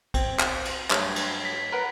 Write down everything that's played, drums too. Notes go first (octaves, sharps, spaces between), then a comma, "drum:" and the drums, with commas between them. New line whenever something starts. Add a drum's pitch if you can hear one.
C4, drum: kick, cymbal
drum: clap
drum: cymbal
G2 F#3 A3 C#5, drum: clap
drum: cymbal
B6
A#4 B4 F#5